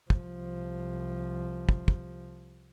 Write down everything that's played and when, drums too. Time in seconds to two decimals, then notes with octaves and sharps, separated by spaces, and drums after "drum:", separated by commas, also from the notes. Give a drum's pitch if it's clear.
0.10 C2 F3, drum: kick
1.69 drum: kick
1.88 drum: kick